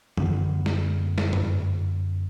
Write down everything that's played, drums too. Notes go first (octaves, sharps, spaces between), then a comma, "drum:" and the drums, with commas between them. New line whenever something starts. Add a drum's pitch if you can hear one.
F#2 D3 B3, drum: tom D#3
drum: snare
drum: snare
drum: tom G2